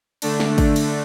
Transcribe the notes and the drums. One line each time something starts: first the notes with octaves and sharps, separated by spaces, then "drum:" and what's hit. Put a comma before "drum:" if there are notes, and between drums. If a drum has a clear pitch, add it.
D3 A3 D4, drum: cymbal
drum: snare
drum: kick G#1, cymbal
drum: cymbal